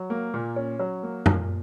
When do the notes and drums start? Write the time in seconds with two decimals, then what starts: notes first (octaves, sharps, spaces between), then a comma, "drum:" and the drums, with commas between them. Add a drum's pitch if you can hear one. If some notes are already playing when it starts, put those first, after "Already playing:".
Already playing: F#3
0.10 A#3
0.34 A#2
0.56 C#4
0.79 F#3
1.03 A#3
1.26 A#2, drum: tom F#2